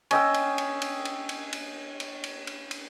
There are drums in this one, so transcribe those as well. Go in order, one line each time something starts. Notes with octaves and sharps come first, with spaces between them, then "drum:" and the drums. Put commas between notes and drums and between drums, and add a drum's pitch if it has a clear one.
C#4 D#5 G5 E6, drum: cymbal
drum: cymbal
drum: cymbal
drum: cymbal
drum: cymbal
drum: cymbal
drum: cymbal
drum: cymbal
drum: cymbal
drum: cymbal
drum: cymbal